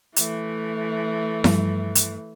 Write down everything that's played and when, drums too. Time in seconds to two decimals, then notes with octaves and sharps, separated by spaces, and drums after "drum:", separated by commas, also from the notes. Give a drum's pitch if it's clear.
0.16 E3 A3, drum: hi-hat
1.44 G2 F3 G3, drum: snare E4
1.95 drum: hi-hat